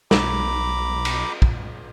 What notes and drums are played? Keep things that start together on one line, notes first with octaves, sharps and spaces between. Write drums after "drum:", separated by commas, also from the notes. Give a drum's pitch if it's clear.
B1 A#5 B5 D6, drum: snare
drum: cymbal
drum: kick